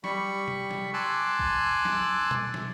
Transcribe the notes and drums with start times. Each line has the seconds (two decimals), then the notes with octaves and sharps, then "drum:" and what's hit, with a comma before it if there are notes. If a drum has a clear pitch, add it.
0.04 G3 B5 C#6, drum: snare
0.48 drum: tom C3
0.71 drum: snare
0.94 G#5 A5 C6 D6 E6 F#6
1.39 drum: kick
1.85 drum: snare
2.31 drum: tom B2
2.54 drum: snare